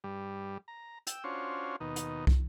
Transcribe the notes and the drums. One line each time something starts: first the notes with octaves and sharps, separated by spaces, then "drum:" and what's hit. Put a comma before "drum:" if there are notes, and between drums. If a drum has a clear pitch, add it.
G2 G3
A#5
G5 E6, drum: hi-hat
C#4 D4 F4 F#4 C5 C#5
D#2 B2 D#4
drum: hi-hat
drum: kick